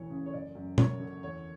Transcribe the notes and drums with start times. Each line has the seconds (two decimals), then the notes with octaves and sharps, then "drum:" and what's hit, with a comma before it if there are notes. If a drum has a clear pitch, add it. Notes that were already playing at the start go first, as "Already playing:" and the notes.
Already playing: E1 D2 E3 C#5
0.10 C#3
0.26 C#5
0.34 F#1 D5
0.55 F#2
0.78 F#1 C#5, drum: tom
1.00 D3
1.23 E2 C#5